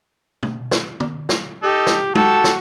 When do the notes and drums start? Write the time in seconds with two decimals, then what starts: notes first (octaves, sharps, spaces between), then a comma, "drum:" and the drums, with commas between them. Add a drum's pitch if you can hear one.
0.43 drum: tom
0.71 drum: snare
1.00 drum: tom
1.29 drum: snare
1.63 D#4 G4 A4
1.87 drum: snare
2.15 F#4 G4 A4 A5, drum: tom
2.44 drum: snare